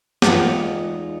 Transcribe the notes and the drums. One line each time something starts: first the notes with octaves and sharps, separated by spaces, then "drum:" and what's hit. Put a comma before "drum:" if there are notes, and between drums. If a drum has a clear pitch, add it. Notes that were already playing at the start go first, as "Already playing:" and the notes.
E2 G#3 D#4 F4 F#5, drum: snare